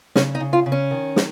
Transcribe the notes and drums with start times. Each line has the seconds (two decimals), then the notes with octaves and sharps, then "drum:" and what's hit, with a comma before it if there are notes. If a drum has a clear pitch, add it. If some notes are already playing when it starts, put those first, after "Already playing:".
0.15 C#3 C#4, drum: snare
0.35 D#4
0.40 C#3
0.53 F4
0.66 C#3
0.72 C#4
0.91 D#3
1.16 drum: snare